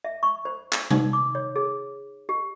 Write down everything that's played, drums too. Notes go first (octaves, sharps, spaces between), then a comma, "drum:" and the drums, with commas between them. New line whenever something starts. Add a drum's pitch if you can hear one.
E5
C#6
C5
E6, drum: clap
D#4, drum: tom C3
D6
C#5
G#4
G4